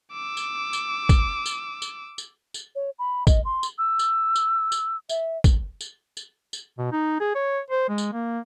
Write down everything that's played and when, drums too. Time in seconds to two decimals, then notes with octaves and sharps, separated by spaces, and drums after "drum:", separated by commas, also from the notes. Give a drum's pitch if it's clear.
0.13 D6 E6
0.37 drum: tambourine
0.73 drum: tambourine
1.09 drum: kick A1, tambourine
1.46 drum: tambourine
1.82 drum: tambourine
2.18 drum: tambourine
2.54 drum: tambourine
2.75 C#5
2.99 B5
3.27 D#5, drum: kick A1, tambourine
3.45 C6
3.63 drum: tambourine
3.78 E6
3.99 drum: tambourine
4.36 drum: tambourine
4.72 drum: tambourine
5.09 E5, drum: tambourine
5.44 drum: kick A1, tambourine
5.81 drum: tambourine
6.17 drum: tambourine
6.53 drum: tambourine
6.78 B2
6.92 D#4
7.20 G#4
7.35 C#5
7.71 C5
7.89 G#3
7.98 drum: tambourine
8.13 A#3